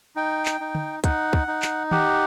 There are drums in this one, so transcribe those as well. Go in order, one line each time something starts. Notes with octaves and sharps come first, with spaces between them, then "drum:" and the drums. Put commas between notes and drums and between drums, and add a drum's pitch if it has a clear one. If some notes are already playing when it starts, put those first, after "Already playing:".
D#4 G5
drum: clap
D#4
drum: tom
D#4 F#5, drum: kick, hi-hat
drum: kick
D#4
drum: clap
G4 F#5, drum: tom D#3